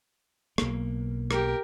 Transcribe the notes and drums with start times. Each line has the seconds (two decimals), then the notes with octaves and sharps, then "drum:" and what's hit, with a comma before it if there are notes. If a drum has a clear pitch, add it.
0.58 B1 A#3, drum: rim click
1.31 G4 A#4, drum: rim click